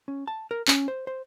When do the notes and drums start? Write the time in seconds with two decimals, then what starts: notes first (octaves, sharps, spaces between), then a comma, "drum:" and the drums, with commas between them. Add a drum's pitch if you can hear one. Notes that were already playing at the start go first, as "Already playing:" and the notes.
0.08 C#4
0.28 A5
0.51 A#4
0.68 C#4, drum: clap
0.88 C5
1.07 C5